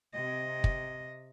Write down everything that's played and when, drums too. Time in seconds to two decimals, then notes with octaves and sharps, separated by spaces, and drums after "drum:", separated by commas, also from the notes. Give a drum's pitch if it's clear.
0.14 C3 D#5
0.64 drum: kick